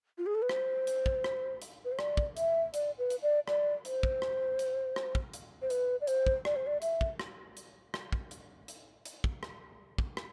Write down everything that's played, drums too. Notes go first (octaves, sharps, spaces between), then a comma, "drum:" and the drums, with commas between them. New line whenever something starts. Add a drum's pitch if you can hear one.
F4
G#4
A4
B4
C5, drum: rim click
drum: hi-hat
drum: kick
drum: rim click
drum: hi-hat
B4
C5
D5, drum: rim click
drum: kick
E5, drum: hi-hat
D5, drum: hi-hat
B4
drum: hi-hat
D5
D5, drum: rim click
C5, drum: hi-hat
drum: kick
drum: rim click
drum: hi-hat
drum: rim click
drum: kick
drum: hi-hat
C5
B4, drum: hi-hat
D5
C5, drum: hi-hat
drum: kick
D5, drum: rim click
C5
D5
E5, drum: hi-hat
drum: kick
drum: rim click
drum: hi-hat
drum: rim click
drum: kick
drum: hi-hat
drum: hi-hat
drum: hi-hat
drum: kick
drum: rim click
drum: kick
drum: rim click